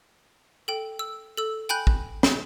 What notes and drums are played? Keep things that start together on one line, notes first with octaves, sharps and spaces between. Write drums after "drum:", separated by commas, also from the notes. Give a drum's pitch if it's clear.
A4 G5
E6
A4 E6
G5 G#5 B5 F#6 G6 F#7
drum: kick
drum: snare